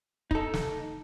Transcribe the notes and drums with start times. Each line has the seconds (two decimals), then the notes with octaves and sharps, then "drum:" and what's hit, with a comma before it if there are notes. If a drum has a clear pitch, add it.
0.31 D#4 A4, drum: kick
0.54 drum: snare